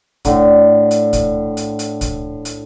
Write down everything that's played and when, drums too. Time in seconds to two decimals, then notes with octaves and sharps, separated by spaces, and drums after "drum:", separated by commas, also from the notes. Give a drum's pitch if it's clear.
0.25 A2 D3, drum: kick C2, hi-hat
0.91 drum: hi-hat
1.13 drum: kick C2, hi-hat
1.57 drum: hi-hat
1.79 drum: hi-hat
2.01 drum: kick C2, hi-hat
2.45 drum: hi-hat